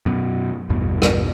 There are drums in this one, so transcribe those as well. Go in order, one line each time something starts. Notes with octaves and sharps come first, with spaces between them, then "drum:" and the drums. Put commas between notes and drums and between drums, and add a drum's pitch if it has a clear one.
F#2 B2
A1 E2 G2 B2
drum: rim click